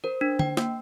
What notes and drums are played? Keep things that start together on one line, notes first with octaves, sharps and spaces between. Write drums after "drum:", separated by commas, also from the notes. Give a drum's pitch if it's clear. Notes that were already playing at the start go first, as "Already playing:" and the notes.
A#4 C5
D4
G5, drum: tom D3
A#3, drum: snare